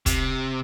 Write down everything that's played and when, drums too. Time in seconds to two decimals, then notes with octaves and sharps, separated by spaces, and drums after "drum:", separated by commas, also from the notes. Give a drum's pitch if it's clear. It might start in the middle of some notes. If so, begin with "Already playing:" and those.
0.06 C3, drum: kick, hi-hat